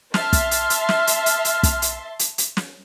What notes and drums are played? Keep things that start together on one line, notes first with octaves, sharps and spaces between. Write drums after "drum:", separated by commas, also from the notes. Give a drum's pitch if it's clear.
E5 A5 C6 F6, drum: snare
drum: kick, hi-hat
drum: hi-hat
drum: hi-hat
drum: snare
drum: hi-hat
drum: hi-hat
drum: hi-hat
drum: kick, hi-hat
drum: hi-hat
drum: hi-hat
drum: hi-hat
drum: snare